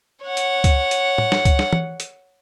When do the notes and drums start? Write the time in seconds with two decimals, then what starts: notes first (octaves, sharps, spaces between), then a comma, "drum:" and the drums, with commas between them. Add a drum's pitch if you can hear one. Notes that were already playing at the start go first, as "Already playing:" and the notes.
0.23 C#5 F#5
0.37 drum: hi-hat
0.64 drum: kick C#2, hi-hat
0.91 drum: hi-hat
1.18 drum: tom
1.32 drum: snare
1.45 drum: kick C#2, hi-hat
1.59 drum: snare
1.73 drum: tom E3
2.00 drum: hi-hat